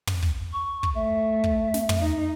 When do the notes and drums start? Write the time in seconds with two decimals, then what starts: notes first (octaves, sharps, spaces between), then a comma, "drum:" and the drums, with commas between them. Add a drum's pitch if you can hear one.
0.07 drum: tom
0.22 drum: kick
0.53 C#6
0.83 drum: kick
0.95 A3 E5
1.44 drum: kick
1.74 drum: snare
1.89 drum: tom
2.01 D#4